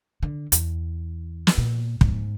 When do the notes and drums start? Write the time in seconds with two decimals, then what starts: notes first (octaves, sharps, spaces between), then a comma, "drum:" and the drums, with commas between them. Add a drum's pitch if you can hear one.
0.23 D3
0.52 E2, drum: hi-hat
1.47 drum: snare
1.58 A#2
2.01 G#2, drum: kick